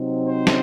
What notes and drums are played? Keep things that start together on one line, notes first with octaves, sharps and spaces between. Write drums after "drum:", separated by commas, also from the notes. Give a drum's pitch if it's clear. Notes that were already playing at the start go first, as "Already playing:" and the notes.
Already playing: C3 F#3 C4 D#4
C5
drum: snare